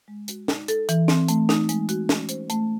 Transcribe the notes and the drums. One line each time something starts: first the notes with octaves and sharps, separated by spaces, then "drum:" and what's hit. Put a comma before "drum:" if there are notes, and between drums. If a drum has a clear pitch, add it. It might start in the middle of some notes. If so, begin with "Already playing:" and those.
G#3
F#4, drum: hi-hat
D#4, drum: snare
A4, drum: hi-hat
E3, drum: hi-hat
C4, drum: snare
A3, drum: hi-hat
D#4, drum: snare
G#3, drum: hi-hat
F#4, drum: hi-hat
C#4, drum: snare
C5, drum: hi-hat
A3, drum: hi-hat